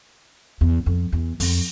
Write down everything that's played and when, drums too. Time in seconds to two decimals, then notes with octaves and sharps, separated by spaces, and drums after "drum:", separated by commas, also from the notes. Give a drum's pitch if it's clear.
0.61 E2
0.86 F2
1.12 E2
1.40 F2, drum: open hi-hat